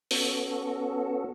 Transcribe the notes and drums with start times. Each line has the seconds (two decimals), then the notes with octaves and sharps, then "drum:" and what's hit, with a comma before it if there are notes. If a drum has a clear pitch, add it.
0.11 B3 C#4 F#4 A4, drum: open hi-hat